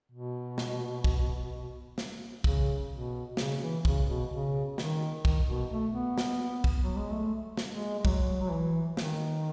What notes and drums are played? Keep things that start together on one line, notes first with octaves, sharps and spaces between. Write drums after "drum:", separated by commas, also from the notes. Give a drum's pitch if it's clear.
B2
drum: snare
drum: kick
drum: snare
C#3, drum: kick
B2
C#3, drum: snare
E3
C#3, drum: kick
B2
C#3
D#3, drum: snare
D#3, drum: kick
B2
A3
B3
drum: snare
drum: kick
F#3
G#3
A3
drum: snare
G#3
G#3
F#3, drum: kick
F#3
E3
D#3, drum: snare